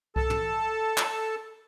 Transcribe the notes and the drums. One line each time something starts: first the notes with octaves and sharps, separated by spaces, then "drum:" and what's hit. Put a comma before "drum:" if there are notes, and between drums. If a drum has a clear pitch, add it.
A4 A5, drum: kick C2
drum: tom
drum: clap